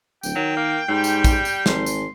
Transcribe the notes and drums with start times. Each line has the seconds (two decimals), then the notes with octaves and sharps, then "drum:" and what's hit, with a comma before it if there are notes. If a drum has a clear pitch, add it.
0.23 D1 G5, drum: tambourine
0.36 D#3 F#3
0.57 A#3
0.89 G#2 G3
1.04 drum: tambourine
1.24 drum: kick, tambourine
1.45 drum: tambourine
1.66 G#1 C6, drum: snare
1.86 drum: tambourine